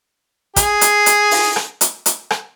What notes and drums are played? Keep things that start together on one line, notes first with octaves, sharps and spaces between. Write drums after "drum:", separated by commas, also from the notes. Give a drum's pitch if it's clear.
G#4, drum: kick, hi-hat
drum: hi-hat
drum: hi-hat
drum: open hi-hat
drum: rim click
drum: hi-hat
drum: hi-hat
drum: rim click